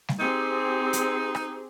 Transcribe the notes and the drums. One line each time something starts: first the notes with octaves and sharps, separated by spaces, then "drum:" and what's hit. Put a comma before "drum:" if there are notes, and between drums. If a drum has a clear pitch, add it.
drum: snare G3
C4 D#4 G4 G#4
drum: hi-hat
drum: rim click